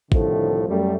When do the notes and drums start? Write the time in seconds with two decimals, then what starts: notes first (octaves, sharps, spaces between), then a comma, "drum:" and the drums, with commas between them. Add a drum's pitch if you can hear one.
0.12 C2 A2 D3 D#3 F3 A3, drum: kick A1
0.68 F#2 G3 A3